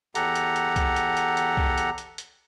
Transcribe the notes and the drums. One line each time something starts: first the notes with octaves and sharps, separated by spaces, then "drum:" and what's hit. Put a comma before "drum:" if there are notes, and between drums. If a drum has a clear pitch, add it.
E2 G4 A4 F#5 A#5, drum: hi-hat
drum: hi-hat
drum: hi-hat
drum: kick C2, hi-hat
drum: hi-hat
drum: hi-hat
drum: hi-hat
drum: kick C2
drum: hi-hat
drum: hi-hat
drum: hi-hat